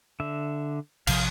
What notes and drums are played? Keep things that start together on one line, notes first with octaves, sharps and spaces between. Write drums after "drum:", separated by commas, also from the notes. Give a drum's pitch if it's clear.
D3 E5
A#1 C3 F3 F5, drum: cymbal